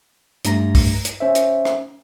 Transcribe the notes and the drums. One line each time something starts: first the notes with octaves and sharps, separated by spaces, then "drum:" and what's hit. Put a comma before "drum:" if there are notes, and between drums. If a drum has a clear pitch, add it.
G2 A3 A#5 A#6, drum: hi-hat
drum: kick, open hi-hat
drum: hi-hat
C#4 C5 E5
drum: hi-hat
drum: rim click